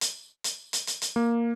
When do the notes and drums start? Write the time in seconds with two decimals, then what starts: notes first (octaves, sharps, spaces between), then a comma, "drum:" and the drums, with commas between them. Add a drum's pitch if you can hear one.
0.01 drum: hi-hat
0.44 drum: hi-hat
0.73 drum: hi-hat
0.87 drum: hi-hat
1.02 drum: hi-hat
1.16 A#3